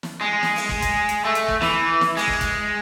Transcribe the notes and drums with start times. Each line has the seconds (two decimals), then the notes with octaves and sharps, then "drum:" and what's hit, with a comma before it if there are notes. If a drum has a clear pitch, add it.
0.03 drum: snare
0.21 G#3
0.43 drum: snare
0.56 drum: open hi-hat
0.69 drum: kick
0.82 drum: kick, hi-hat
1.09 drum: hi-hat
1.25 A3
1.35 drum: hi-hat
1.48 drum: kick
1.62 E3, drum: snare
2.01 drum: snare
2.17 G#3, drum: open hi-hat
2.28 drum: kick
2.41 drum: kick, hi-hat